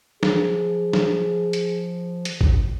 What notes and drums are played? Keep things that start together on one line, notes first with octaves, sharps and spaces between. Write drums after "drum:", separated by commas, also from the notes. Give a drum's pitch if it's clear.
F3 G#4, drum: snare
drum: snare
drum: hi-hat
drum: hi-hat
drum: kick A1